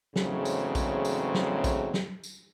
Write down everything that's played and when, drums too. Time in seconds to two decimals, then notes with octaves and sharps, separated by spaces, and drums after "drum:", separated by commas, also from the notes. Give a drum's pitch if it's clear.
0.16 E2 G#2 C#3 F#3 A3 C4, drum: snare
0.45 drum: tambourine
0.75 drum: kick A#1, tambourine
1.05 drum: tambourine
1.34 drum: snare
1.64 drum: kick A#1, tambourine
1.94 drum: snare
2.23 drum: tambourine